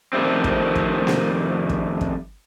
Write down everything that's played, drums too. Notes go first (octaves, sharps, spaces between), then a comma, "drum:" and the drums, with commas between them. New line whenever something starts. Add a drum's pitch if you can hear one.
F2 D#3 G3 A3 C4
drum: kick
drum: kick
drum: snare A#3
drum: kick
drum: kick